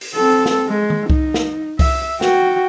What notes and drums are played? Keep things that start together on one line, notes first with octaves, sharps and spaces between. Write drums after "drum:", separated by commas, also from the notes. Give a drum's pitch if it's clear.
drum: open hi-hat
C4 A4
drum: snare
G#3
drum: tom D#3
D#4, drum: kick C2
drum: snare
E5, drum: kick C2, open hi-hat
F#4 G5, drum: snare